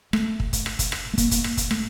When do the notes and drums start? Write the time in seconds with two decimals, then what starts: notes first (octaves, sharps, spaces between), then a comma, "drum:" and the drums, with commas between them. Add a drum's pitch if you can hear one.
0.13 A3, drum: rim click
0.40 drum: kick
0.53 drum: kick, hi-hat
0.66 drum: rim click
0.79 drum: kick, hi-hat
0.92 drum: rim click
1.13 A3
1.18 A#3, drum: kick, hi-hat
1.31 drum: kick, hi-hat
1.44 drum: rim click
1.57 drum: kick, hi-hat
1.71 A3, drum: rim click